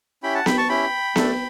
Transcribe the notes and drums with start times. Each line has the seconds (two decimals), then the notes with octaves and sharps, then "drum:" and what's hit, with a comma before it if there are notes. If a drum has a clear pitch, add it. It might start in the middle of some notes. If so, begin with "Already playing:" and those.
0.23 C#4 E4 G4 G5 B5
0.35 F#5 A5
0.46 G5 B5, drum: snare B3
0.57 A5 C#6
0.69 C#4 E4 G4 G5 B5
1.16 A3 D4 A4, drum: snare B3